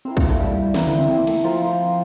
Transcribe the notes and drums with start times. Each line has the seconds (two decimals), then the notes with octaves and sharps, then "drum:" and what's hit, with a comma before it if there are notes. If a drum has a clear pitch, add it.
0.05 C4 E4 A#4 F5
0.17 A#3, drum: kick
0.29 A3
0.40 G3
0.74 E3 E4 A#4 E5, drum: snare
0.87 D3
0.99 C4
1.10 C4
1.18 A#3
1.27 A3, drum: cymbal
1.44 F3 C4 F4 A#4